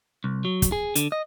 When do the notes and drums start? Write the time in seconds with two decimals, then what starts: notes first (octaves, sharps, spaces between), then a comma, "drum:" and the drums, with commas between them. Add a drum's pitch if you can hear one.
0.24 C2
0.45 F#3
0.62 drum: kick, hi-hat
0.72 G#4
0.95 D3, drum: hi-hat
1.12 D#5